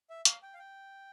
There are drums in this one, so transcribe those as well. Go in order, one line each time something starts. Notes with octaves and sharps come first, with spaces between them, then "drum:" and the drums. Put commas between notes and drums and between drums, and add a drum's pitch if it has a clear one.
E5
F5, drum: hi-hat
G5
F5
G5